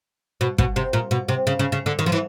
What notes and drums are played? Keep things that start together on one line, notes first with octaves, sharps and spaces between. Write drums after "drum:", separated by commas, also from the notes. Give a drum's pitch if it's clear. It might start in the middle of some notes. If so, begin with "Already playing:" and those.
B2
B2, drum: kick
C3
A#2
B2
C3
C#3
C#3
C#3
D3
D#3
F3
E3